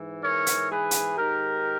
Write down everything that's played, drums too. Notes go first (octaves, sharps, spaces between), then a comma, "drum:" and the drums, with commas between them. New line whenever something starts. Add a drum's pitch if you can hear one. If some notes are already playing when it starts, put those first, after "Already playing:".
Already playing: G#2 E3
A#4 C#5
drum: hi-hat
G#4 B4
drum: hi-hat
G#2 D#3 G4 A#4